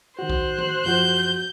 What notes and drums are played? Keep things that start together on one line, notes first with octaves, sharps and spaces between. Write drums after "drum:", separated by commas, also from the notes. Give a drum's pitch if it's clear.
D#3 F#4 C5 F#6
drum: kick B1
drum: tom D#3
F#2 F3 F#4 G6